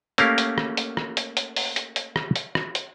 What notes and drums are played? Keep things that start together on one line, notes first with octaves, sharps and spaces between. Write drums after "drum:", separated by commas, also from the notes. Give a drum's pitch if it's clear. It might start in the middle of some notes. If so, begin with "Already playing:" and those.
A3 A#3 C#4 G4 A#4 F5, drum: hi-hat
drum: hi-hat
drum: rim click
drum: hi-hat
drum: rim click
drum: hi-hat
drum: hi-hat
drum: open hi-hat
drum: hi-hat
drum: hi-hat
drum: rim click
drum: hi-hat
drum: rim click
drum: hi-hat